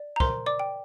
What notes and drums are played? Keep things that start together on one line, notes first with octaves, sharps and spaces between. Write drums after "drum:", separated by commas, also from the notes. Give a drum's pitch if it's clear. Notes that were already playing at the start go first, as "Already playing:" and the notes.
Already playing: D5
A#5
A#4 C5 C6, drum: kick
D5 D6
G5